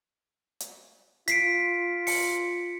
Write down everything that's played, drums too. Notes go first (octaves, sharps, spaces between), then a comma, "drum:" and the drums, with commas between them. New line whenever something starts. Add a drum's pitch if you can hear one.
drum: hi-hat
F4 B6 C7 D7, drum: hi-hat
C#7, drum: open hi-hat